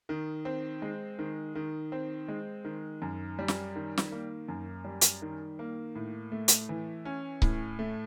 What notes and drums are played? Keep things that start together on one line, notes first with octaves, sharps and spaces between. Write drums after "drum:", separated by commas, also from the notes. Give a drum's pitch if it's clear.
D#3
C4
G#3
D#3
D#3
C4
G#3
D#3
F#2
G3
drum: snare
D#3
drum: snare
A#3
F#2
G3
drum: hi-hat
D#3
A#3
A2
A3
drum: hi-hat
E3
C#4
A2, drum: kick C#1
A3